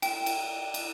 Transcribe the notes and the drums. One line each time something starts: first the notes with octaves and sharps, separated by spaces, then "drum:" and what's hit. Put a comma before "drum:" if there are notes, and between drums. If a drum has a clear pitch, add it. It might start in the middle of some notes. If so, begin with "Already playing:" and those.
G5, drum: cymbal
drum: cymbal
drum: cymbal